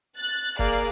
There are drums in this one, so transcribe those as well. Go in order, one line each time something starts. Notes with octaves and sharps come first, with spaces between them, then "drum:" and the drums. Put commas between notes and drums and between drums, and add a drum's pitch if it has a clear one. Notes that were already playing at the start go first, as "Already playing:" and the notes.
F#6 A6
A#3 G#4 D5 F5, drum: kick, hi-hat